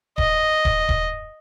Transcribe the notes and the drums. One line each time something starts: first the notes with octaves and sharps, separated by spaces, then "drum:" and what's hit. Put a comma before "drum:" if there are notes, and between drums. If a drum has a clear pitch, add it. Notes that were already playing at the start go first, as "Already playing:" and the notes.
D#5, drum: kick D#1
drum: kick D#1
drum: kick D#1